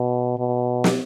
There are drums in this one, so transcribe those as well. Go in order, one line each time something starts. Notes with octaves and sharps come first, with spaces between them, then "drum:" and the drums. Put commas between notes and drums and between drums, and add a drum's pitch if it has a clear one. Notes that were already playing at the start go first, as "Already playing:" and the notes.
Already playing: B2
B2
drum: snare